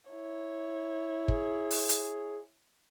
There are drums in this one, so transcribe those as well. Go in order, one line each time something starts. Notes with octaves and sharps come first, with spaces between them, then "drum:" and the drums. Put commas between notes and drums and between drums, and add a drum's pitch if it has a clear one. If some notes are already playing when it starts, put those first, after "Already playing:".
E4 C#5
G#4, drum: kick
drum: open hi-hat
drum: hi-hat